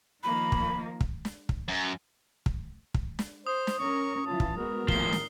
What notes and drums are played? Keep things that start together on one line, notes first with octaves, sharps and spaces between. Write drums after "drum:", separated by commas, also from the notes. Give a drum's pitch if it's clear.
D#3 F3 A#3 B5
drum: kick
drum: kick
drum: snare
drum: kick
F#2
drum: kick
drum: kick
drum: snare
C5 D#6
drum: snare
C#4 A#4 C#6
E3 F4 A5
drum: kick
G#3 B3 F#4 A#4
D#2 A2 F3 C7 G7, drum: kick
drum: snare